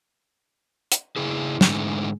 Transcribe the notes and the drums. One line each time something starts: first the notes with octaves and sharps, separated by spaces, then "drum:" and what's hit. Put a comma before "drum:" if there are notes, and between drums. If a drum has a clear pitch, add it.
drum: hi-hat
C#3 E4 G#4
G#2 D3 E3 G#3 A3, drum: snare